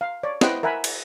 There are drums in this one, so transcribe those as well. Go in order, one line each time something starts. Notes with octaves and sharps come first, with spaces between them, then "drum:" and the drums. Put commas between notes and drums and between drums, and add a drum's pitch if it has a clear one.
F5
C#5 D5
E4 B4 C5 D#5 F#5 G5, drum: snare
A#4 E5 F#5 G#5 B5
drum: cymbal